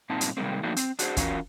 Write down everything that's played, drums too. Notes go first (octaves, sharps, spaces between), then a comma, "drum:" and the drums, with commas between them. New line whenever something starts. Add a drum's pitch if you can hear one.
G2 A#2 C4 D#4 A5
drum: hi-hat
C3 D#3 G3 G#3 A#3 C4
F3 A3 A#3 D4 D#4 F#4
C4, drum: hi-hat
D4 F#4 G#4 A#4 C5, drum: hi-hat
E3 C#4 F4 F#4 A#4, drum: kick, hi-hat